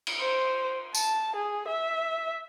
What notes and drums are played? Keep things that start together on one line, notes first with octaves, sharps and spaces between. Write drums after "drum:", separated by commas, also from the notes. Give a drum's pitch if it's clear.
drum: cymbal
C5
A5, drum: tambourine
G#4
E5